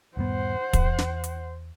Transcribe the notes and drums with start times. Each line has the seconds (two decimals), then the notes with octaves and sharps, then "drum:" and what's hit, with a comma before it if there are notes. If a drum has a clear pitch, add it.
0.17 D#1 G2 B3 C5 F#5
0.73 E2, drum: kick, hi-hat
0.98 drum: snare
1.24 drum: hi-hat